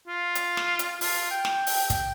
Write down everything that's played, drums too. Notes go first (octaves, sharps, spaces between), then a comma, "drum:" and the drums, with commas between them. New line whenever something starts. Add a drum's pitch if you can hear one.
F4
drum: hi-hat
drum: snare
drum: hi-hat
F4, drum: open hi-hat
G5
drum: snare
drum: open hi-hat
G5, drum: kick, hi-hat